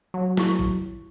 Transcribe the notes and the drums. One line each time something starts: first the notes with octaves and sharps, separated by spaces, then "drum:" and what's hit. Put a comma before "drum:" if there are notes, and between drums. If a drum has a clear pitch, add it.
F#3
E4 C#6, drum: snare
drum: kick